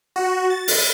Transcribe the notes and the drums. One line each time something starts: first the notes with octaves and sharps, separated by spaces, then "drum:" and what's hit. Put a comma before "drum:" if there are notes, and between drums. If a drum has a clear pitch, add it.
F#4
A6
drum: open hi-hat